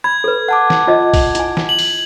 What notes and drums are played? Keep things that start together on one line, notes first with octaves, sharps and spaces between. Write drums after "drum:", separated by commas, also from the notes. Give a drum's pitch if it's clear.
B5 G#6
A4 B4
F#5 A5 D6
drum: snare
F4 D5 D#5
drum: kick B1, open hi-hat
E4 G#5, drum: hi-hat
drum: snare
F#7
drum: open hi-hat